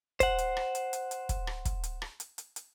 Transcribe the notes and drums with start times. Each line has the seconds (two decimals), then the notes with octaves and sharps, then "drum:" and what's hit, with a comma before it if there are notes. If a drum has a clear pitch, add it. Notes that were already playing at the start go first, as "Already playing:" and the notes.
0.20 C5 F#5, drum: kick, hi-hat
0.38 drum: hi-hat
0.57 drum: rim click
0.75 drum: hi-hat
0.93 drum: hi-hat
1.11 drum: hi-hat
1.29 drum: kick, hi-hat
1.47 drum: rim click
1.65 drum: kick, hi-hat
1.84 drum: hi-hat
2.02 drum: rim click
2.20 drum: hi-hat
2.38 drum: hi-hat
2.56 drum: hi-hat